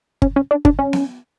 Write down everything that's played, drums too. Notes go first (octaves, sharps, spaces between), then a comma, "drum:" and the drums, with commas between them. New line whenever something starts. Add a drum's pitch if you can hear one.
C#4, drum: kick G1
C#4
D4
D4, drum: kick G1
C#4
drum: snare B3